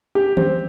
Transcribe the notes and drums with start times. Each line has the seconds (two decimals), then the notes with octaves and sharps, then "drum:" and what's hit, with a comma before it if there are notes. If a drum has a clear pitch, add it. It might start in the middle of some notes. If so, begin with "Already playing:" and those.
0.15 G4
0.37 C4, drum: tom D#3